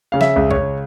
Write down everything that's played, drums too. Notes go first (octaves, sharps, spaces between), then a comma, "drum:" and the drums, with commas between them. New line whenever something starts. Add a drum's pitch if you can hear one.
C#3 F5
E5, drum: snare
C#2
C#5, drum: kick B1
C#2